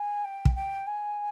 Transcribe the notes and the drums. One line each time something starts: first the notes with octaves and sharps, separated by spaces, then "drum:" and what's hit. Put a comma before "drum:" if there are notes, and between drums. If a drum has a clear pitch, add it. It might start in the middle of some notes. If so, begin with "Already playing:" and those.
Already playing: G#5
G5
drum: kick
G5
G#5